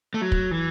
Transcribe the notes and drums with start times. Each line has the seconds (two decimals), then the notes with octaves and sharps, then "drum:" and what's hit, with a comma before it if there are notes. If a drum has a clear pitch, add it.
0.14 A3
0.21 F#3
0.32 drum: kick
0.51 E3